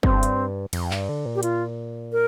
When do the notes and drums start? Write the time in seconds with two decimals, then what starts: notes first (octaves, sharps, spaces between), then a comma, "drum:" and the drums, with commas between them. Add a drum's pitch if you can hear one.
0.03 G2 C4, drum: kick
0.23 drum: hi-hat
0.73 F2, drum: cymbal
0.91 G2, drum: clap
1.09 D3
1.26 A#2
1.35 G4
1.43 F4, drum: hi-hat
2.12 A#4